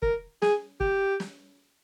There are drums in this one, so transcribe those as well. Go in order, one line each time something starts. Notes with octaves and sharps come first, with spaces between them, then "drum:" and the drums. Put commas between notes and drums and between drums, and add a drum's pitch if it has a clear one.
A#4, drum: kick
G#4, drum: snare
G4, drum: kick
drum: snare